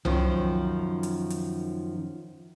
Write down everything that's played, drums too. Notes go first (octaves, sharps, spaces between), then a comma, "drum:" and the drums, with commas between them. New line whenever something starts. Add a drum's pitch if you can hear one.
F#2 D#3 F3, drum: tom C2
drum: hi-hat
drum: hi-hat